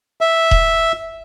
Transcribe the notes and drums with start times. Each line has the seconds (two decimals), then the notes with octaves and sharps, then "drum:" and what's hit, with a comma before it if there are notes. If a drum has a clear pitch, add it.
0.21 E5
0.51 drum: kick D#1